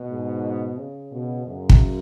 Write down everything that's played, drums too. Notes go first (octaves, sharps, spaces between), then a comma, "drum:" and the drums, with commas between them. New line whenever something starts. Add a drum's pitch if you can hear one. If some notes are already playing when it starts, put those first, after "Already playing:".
Already playing: B2
G#2
C#3
B2
F#2 C#3
drum: kick